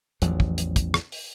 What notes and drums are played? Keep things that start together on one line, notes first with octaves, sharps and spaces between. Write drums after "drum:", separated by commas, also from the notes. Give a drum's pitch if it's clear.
A1 E2 F3 F#3, drum: hi-hat
drum: kick
drum: hi-hat
drum: kick, hi-hat
drum: rim click
drum: open hi-hat